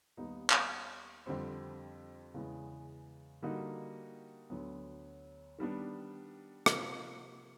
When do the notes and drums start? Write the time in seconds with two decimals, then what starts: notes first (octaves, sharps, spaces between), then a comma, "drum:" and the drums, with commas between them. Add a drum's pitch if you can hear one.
0.17 D#2 D#3 G3 B3 D#4
0.50 drum: clap
1.26 F2 D3 G3 C4
2.34 E2 C#3 E3 G#3 B3
3.42 D3 G3 A#3 D#4 F#4
4.50 D2 D3 F#3 B3
5.59 D#3 G3 B3 D4
6.66 C3 F3 A#3, drum: rim click